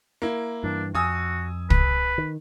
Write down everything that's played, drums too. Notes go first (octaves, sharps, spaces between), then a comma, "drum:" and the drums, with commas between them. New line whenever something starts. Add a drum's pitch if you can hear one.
A#3 E4
G2 E3 D4
F2 F#4 G#5 D#6 E6
B4, drum: kick
D#3